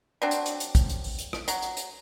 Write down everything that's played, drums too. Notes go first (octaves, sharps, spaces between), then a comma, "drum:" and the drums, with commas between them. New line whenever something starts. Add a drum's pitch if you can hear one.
F#3 C4 D4
drum: hi-hat
drum: hi-hat
drum: hi-hat
drum: kick A1, hi-hat
drum: hi-hat
drum: open hi-hat
drum: hi-hat
drum: rim click
F#3, drum: hi-hat
drum: hi-hat
drum: hi-hat